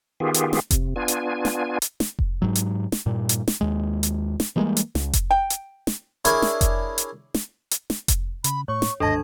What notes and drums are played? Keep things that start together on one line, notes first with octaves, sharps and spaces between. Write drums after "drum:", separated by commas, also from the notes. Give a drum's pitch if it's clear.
D#3 B3 F4 G4 G#4
drum: hi-hat
drum: snare
C3, drum: kick F1, hi-hat
B3 D4 F4 G#5
drum: hi-hat
drum: snare
drum: hi-hat
drum: snare
drum: kick F1
G#2 F#3
drum: hi-hat
drum: snare
G2 A#2
drum: hi-hat
drum: snare
D#2 G#3
drum: hi-hat
drum: snare
E3 G3 G#3 A#3
drum: hi-hat
C#2, drum: snare
drum: kick F1, hi-hat
G5
drum: hi-hat
drum: snare
D4 E4 G#4 A#4 C#5 D5, drum: hi-hat
drum: snare
drum: kick F1, hi-hat
drum: hi-hat
drum: snare
drum: hi-hat
drum: snare
drum: kick F1, hi-hat
C#3 B5, drum: hi-hat
A2 C#5 C#6
drum: snare
G1 D#2 G#2 D4 A4 D#5 A5 G#6